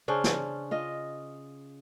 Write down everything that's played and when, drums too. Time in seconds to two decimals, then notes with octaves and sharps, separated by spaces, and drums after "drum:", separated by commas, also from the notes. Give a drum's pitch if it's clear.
0.08 C#3 C#4 D4 C5
0.24 drum: snare
0.71 F4 D#5